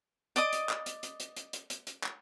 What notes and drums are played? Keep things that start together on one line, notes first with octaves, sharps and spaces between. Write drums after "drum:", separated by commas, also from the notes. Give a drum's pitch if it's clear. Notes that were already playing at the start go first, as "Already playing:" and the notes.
D5 D#5 D6 D#6, drum: hi-hat
drum: hi-hat
drum: clap
drum: hi-hat
drum: hi-hat
drum: hi-hat
drum: hi-hat
drum: hi-hat
drum: hi-hat
drum: hi-hat
drum: clap